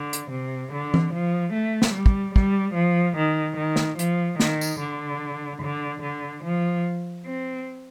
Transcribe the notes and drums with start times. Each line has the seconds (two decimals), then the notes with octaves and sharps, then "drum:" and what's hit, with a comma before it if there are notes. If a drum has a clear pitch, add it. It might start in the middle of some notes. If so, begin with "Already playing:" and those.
Already playing: D3
0.13 drum: hi-hat
0.32 C3
0.73 D3
0.94 drum: tom E3
1.13 F3
1.54 A3
1.82 drum: snare
1.95 G3
2.06 drum: kick
2.36 G3, drum: kick
2.76 F3
3.18 D#3
3.58 D#3
3.76 drum: snare
3.99 F3, drum: hi-hat
4.40 D#3, drum: snare
4.61 drum: tambourine
4.80 D3
5.63 D3
6.03 D3
6.45 F3
7.26 C4